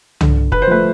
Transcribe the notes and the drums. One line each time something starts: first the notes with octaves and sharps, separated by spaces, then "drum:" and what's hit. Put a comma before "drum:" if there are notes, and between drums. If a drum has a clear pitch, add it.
D3, drum: tom C2
B4, drum: kick
C5
F3 A3 B4